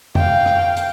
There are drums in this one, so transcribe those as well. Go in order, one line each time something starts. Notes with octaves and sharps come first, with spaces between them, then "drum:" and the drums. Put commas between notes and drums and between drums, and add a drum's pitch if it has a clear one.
F5 G5, drum: tom F2
drum: rim click
drum: hi-hat